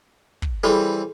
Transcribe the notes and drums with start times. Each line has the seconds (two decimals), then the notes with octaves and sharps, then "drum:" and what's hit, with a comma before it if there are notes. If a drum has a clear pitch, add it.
0.42 drum: kick
0.64 E3 G3 C4 G#4 A4